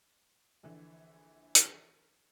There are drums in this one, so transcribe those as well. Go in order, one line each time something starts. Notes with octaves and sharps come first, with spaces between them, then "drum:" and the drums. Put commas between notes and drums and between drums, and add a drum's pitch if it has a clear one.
A#1 D3 E3
drum: hi-hat